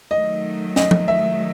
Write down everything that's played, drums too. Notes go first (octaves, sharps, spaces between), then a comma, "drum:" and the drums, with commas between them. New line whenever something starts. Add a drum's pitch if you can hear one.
D#3 F#3 A3 D#5
D#5, drum: snare
drum: tom F3
E5